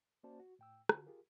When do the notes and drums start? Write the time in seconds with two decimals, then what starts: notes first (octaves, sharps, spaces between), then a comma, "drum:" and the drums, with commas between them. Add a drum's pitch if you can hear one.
0.23 A#3 C#4 F#4 C5 D5 A5
0.40 F#4
0.59 A2 G5 E6
0.89 D3 F4 F#4, drum: rim click
1.07 F4 G4 G#4 A#4